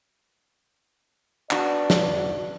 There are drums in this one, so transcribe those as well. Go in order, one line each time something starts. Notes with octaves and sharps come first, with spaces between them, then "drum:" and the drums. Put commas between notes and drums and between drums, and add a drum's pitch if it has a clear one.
B3 D4 F#4 D5, drum: clap
drum: snare